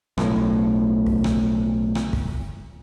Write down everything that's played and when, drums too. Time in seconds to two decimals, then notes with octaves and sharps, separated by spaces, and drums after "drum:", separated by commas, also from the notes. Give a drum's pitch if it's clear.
0.18 B1 A2, drum: rim click
1.06 drum: kick
1.24 drum: rim click
1.95 drum: rim click
2.13 drum: kick